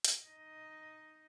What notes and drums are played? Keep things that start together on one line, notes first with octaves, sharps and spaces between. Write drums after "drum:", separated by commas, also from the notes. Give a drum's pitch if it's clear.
drum: hi-hat
D#4 D#5